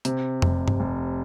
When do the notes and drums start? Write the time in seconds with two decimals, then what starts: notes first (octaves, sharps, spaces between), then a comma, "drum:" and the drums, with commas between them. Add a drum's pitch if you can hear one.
0.05 C3, drum: hi-hat
0.42 F1, drum: tom F2
0.68 drum: tom G2
0.80 F1